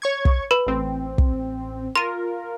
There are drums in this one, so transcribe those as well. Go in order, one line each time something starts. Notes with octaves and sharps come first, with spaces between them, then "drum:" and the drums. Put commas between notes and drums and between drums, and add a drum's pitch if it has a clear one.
C#5 C#6 G#6
drum: kick
B4 B5
A1 C4
drum: kick
F4 A#4 C6 D#7